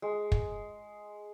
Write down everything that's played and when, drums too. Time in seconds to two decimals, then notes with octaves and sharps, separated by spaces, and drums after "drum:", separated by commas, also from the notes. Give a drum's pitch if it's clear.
0.02 G#3
0.32 drum: kick